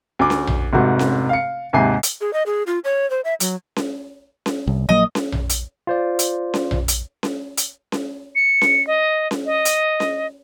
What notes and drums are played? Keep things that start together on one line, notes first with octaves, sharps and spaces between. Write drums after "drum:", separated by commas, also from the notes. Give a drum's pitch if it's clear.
D2 D6
drum: snare C#4
drum: tom A#1
F1 G#2 C3 F#4
drum: snare C#4
F5 C#7
D#2 G#2 C3 E5 G#5 C7
drum: hi-hat
G#4
D#5
G#4
F4
C#5
C5
E5
F#3, drum: hi-hat
drum: snare C#4
drum: snare C#4
C2
A#1 F#3 A#3 D#5
drum: snare C#4
drum: tom A#1
drum: hi-hat
F4 C5 D5
drum: hi-hat
drum: snare C#4
drum: tom A#1
drum: hi-hat
drum: snare C#4
drum: hi-hat
drum: snare C#4
C#7
drum: snare C#4
D#5
drum: snare C#4
D#5
drum: hi-hat
drum: snare C#4